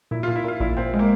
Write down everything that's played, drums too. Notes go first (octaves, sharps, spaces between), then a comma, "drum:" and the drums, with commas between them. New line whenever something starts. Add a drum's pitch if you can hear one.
A#2 E4
A#2 F4
E4
A#2 F4
A#2 E4, drum: kick A1
A#2 C4
G#3
A#3